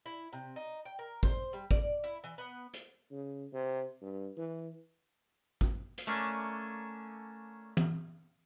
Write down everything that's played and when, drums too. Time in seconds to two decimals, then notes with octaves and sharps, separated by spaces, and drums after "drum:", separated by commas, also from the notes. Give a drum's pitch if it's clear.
0.06 E4
0.33 C3
0.56 D#4
0.85 G5
0.99 A#4
1.23 C5, drum: kick G#1
1.53 G3
1.71 D5, drum: kick G#1
2.04 E4
2.24 E3
2.38 B3
2.74 drum: hi-hat
3.12 C#3
3.52 C3
4.02 G2
4.37 E3
5.61 drum: kick G#1
5.98 drum: hi-hat
6.07 A3 A#3 C#4 D4
7.77 drum: tom